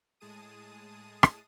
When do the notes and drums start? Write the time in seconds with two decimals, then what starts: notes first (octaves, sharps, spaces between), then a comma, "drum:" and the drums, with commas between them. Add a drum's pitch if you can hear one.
0.20 A2 G#3 G#4 A5 D#6 D#7
1.23 drum: rim click